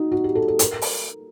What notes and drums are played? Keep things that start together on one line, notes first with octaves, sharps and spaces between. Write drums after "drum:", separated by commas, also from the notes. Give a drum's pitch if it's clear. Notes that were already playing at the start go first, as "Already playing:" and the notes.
Already playing: D#4 F#4
F#4
G4
A4
A4
A#4, drum: hi-hat
drum: open hi-hat